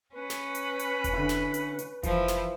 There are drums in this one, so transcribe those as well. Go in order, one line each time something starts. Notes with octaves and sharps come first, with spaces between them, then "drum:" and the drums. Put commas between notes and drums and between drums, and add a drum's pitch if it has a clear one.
C#4 B4 B5
drum: snare
drum: hi-hat
drum: hi-hat
drum: kick F1, hi-hat
D3 E4
drum: snare
drum: hi-hat
drum: hi-hat
E3 F3 E4, drum: kick F1, hi-hat
drum: snare